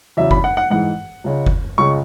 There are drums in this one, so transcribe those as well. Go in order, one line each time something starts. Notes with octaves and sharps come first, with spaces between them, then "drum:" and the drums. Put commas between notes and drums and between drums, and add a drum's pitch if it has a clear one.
E2 C#3 F#3 E5
B5, drum: kick F#1
F#5
F#5
G#2 E3 G#3 F#5
C#2 C#3 G#3
drum: kick F#1
C#2 C#3 G#3 C#6